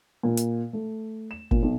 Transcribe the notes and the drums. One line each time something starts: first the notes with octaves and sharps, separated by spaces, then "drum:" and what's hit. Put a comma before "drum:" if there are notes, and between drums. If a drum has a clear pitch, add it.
A#2
drum: hi-hat
A3
E7
A#2, drum: kick G1
B1